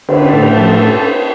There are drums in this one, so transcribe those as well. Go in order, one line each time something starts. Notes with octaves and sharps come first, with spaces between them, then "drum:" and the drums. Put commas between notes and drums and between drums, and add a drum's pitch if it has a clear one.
D3, drum: cymbal
B4
A2 A4
G4
F3 A4